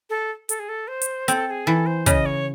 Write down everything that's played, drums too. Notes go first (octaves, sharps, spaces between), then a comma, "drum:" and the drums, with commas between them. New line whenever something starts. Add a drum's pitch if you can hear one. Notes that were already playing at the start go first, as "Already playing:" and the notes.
A4
A4, drum: hi-hat
G#4
A4
C5
drum: hi-hat
C4 A4, drum: hi-hat
A4
G#4
E3 A4
C5
C#3 D#5, drum: kick, hi-hat
C#5